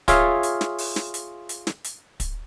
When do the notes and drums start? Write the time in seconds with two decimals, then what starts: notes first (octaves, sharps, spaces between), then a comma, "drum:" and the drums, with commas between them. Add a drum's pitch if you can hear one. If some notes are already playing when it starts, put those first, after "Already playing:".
0.08 F4 G#4 C#5 E5 F5, drum: kick, hi-hat
0.43 drum: hi-hat
0.61 drum: snare
0.78 drum: open hi-hat
0.96 drum: snare
1.14 drum: hi-hat
1.49 drum: hi-hat
1.67 drum: snare
1.84 drum: hi-hat
2.20 drum: kick, hi-hat